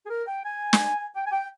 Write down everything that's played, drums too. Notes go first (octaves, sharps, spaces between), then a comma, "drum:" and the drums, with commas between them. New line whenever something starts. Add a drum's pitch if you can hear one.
G#4
A#4
G5
G#5
drum: snare
G5
G#5
G5